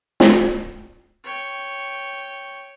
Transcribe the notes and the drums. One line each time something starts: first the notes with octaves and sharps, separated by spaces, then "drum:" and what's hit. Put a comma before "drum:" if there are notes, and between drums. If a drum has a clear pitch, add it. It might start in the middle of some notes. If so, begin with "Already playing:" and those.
drum: snare
C#5 G5